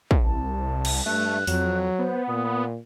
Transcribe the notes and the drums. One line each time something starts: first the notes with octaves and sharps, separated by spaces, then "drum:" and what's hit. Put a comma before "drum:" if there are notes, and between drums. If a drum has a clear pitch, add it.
drum: kick
C2 A5
drum: cymbal
G2 A3 F#6
F2 F#3, drum: open hi-hat
B3 C5
A#2 D#6